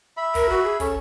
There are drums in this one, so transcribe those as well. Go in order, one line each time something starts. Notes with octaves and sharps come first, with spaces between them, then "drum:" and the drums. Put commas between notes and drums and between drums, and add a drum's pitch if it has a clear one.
E5 B5
A#4, drum: kick, hi-hat
F#4
G#4
C#4 A4, drum: kick, hi-hat